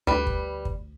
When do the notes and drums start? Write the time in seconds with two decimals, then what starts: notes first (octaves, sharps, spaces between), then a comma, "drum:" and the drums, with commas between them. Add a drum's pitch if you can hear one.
0.07 D2 G3 B4
0.27 drum: kick
0.65 drum: kick